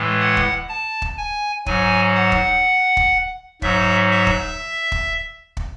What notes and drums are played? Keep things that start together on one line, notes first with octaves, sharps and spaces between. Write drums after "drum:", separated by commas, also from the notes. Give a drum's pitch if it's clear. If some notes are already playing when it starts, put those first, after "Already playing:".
Already playing: A2 E3 G#3
F#5
drum: kick
A5
drum: kick
G#5
G#2 F#3 G#5, drum: kick
F#5
drum: kick
drum: kick
G#2 F#3 E5, drum: kick
E5
drum: kick
drum: kick
drum: kick